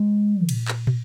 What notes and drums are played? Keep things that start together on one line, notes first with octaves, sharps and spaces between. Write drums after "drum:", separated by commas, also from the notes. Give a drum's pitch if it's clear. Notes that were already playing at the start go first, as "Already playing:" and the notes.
Already playing: G#3
A#2, drum: cymbal
drum: clap
drum: tom